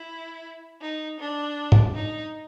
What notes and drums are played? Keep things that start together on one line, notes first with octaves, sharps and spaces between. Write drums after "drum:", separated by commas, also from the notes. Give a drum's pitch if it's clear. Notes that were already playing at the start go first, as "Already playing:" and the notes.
Already playing: E4
D#4
D4
drum: tom
D#4